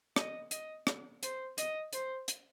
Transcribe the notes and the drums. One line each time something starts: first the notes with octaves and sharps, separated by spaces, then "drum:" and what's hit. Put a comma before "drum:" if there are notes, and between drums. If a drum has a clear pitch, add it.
D#5, drum: rim click
D#5, drum: hi-hat
drum: rim click
C5, drum: hi-hat
D#5, drum: hi-hat
C5, drum: hi-hat
drum: hi-hat